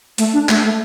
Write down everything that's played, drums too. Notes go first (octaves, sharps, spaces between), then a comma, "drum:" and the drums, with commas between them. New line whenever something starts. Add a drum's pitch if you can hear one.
A3, drum: hi-hat
D4
A3, drum: clap
A3